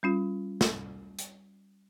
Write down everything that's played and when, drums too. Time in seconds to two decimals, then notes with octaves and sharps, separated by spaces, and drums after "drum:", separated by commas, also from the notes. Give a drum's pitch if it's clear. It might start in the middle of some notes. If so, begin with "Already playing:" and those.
0.03 G3 C#4 F4
0.61 drum: snare
1.19 drum: hi-hat